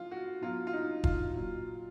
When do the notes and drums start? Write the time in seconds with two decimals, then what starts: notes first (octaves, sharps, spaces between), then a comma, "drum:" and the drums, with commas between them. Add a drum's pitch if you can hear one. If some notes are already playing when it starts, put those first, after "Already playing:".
Already playing: F3 F4
0.11 F#4
0.41 B2 F#3 F4
0.67 F4
0.73 D#4
1.04 F4, drum: kick
1.34 A#2 F#3